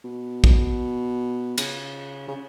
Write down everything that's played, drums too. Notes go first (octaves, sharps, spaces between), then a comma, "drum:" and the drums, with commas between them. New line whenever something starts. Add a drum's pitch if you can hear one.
B2
drum: kick
C#3, drum: cymbal
C#3